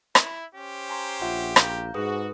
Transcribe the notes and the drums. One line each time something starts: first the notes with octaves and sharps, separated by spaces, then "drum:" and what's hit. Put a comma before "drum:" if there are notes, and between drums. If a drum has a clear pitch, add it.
E4, drum: rim click
C#4 G4 C5
G#5 A#5 C6
A#1 F4 E5 F#5
F5 A#5 G6, drum: rim click
G#2 F#4 G#4 B4 D#6